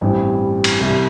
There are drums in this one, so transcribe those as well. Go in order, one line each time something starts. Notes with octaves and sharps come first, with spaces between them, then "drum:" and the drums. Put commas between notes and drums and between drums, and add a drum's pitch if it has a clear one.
A1 G2 E3 G3 C4
drum: cymbal
C2 C3 G3